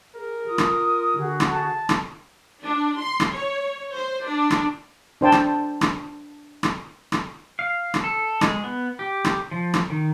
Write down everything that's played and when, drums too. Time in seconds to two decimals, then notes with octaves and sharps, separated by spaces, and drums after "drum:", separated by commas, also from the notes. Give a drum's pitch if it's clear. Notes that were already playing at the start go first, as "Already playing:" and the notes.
0.16 G#4 A#4
0.46 F4 D#6
0.58 drum: rim click
1.16 D3 F#4 G#4
1.40 drum: rim click
1.51 A5
1.89 drum: rim click
2.62 D4
2.99 C6
3.20 drum: rim click
3.32 C#5
3.94 C5
4.25 D4
4.50 drum: rim click
5.21 D4 C5 G5 A5
5.32 drum: rim click
5.81 drum: rim click
6.63 drum: rim click
7.12 drum: rim click
7.59 F5
7.94 drum: rim click
8.04 A4
8.41 G#3, drum: rim click
8.64 B3
8.99 G4
9.25 drum: rim click
9.51 F3
9.74 drum: rim click
9.90 D#3